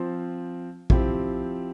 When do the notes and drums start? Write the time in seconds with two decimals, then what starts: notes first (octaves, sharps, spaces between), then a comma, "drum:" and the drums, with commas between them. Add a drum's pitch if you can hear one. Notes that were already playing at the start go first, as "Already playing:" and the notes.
Already playing: F3 C4 F4
0.90 F3 C4 E4 G4, drum: kick